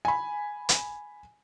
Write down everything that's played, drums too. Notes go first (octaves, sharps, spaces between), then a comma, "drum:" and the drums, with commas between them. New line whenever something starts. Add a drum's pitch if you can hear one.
G#5 B5
drum: hi-hat